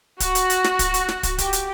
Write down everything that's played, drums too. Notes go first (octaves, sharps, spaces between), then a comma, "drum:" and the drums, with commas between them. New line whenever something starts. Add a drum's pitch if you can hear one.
F#4, drum: kick, hi-hat
drum: hi-hat
drum: hi-hat
drum: snare
drum: kick, hi-hat
drum: hi-hat
drum: snare
drum: kick, hi-hat
G4, drum: kick, hi-hat
drum: hi-hat